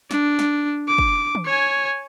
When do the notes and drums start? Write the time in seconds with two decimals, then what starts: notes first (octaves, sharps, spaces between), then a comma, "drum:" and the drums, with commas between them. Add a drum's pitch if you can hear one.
0.11 D4, drum: snare
0.39 drum: snare
0.88 D6
0.98 drum: kick
1.35 drum: tom D#3
1.45 C#5 G#5